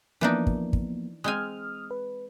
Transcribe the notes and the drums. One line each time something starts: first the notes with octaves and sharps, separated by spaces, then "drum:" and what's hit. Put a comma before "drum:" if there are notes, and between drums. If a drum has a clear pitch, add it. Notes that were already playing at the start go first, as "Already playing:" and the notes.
E3 F3 A#3 B3 D4 D#4
drum: kick
drum: kick
G#3 C4 G#5 D#6 F6
B4